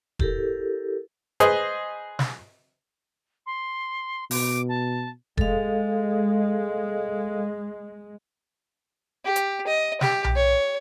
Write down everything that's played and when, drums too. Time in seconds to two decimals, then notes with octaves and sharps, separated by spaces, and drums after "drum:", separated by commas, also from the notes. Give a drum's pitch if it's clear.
0.19 E4 G4 A4 A#4, drum: kick E1
1.40 G#4 B4 C5 D#5, drum: hi-hat
2.19 drum: snare
3.46 C6
4.31 B2 D6, drum: open hi-hat
4.68 A5
5.37 G#3 A4 F5, drum: kick E1
9.24 G4
9.36 drum: hi-hat
9.67 D#5
10.01 G4, drum: snare
10.24 drum: tom B1
10.36 C#5